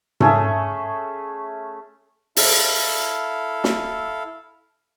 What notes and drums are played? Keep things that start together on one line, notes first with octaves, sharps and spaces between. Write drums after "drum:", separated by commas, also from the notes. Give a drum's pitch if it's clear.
A3 C#4 G#4 E5, drum: tom G#2
E4 A4 F5, drum: open hi-hat
drum: snare